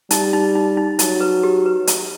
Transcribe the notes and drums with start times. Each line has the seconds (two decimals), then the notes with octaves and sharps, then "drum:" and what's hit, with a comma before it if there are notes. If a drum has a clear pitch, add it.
0.11 G3 D#4, drum: hi-hat
0.33 D#4
0.55 D#4
0.77 D#4
0.99 F#3 D#4, drum: hi-hat
1.21 B4
1.43 G4
1.66 B4
1.87 D#5, drum: hi-hat